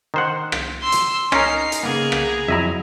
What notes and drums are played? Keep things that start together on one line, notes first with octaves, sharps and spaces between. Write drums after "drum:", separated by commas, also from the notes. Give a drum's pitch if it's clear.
D#3 C5 F#5
drum: rim click
C6 E6
drum: hi-hat
C#4 D#4 A#4 A#5 C7, drum: rim click
drum: hi-hat
C#3 A#3 B3 G#4 A#5
drum: rim click
F2 F#3 E4 D#5 E5 A#5